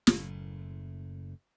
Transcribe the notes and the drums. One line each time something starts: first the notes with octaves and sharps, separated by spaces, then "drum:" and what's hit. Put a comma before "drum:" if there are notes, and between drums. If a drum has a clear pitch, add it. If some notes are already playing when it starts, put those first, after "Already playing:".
F#1 A2, drum: snare